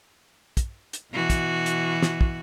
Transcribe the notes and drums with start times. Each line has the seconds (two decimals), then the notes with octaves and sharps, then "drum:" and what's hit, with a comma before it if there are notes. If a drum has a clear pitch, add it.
0.57 drum: kick, hi-hat
0.93 drum: hi-hat
1.12 B2 E3 F#4
1.30 drum: kick, hi-hat
1.66 drum: hi-hat
2.02 drum: snare
2.21 drum: kick